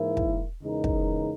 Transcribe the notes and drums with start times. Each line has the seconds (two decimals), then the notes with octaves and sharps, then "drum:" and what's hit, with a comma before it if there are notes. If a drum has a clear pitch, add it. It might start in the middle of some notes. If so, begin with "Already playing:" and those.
Already playing: G#2 E3 A#3 E4 A#4
0.17 drum: kick
0.61 E2 C#3 G#3 D#4 A#4
0.84 drum: kick